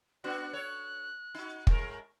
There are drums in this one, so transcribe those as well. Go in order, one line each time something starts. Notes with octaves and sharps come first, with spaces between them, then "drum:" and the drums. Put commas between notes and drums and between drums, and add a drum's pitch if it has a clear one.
B3 D4 F#4 F#6
A4 C#5
D#4 F#4
A2 G#3 A#4, drum: kick